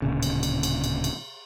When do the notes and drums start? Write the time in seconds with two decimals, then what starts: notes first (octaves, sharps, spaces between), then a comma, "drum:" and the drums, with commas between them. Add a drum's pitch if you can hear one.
0.02 D1 A#2 C#3
0.23 drum: cymbal
0.43 drum: cymbal
0.63 drum: cymbal
0.84 drum: cymbal
1.04 drum: cymbal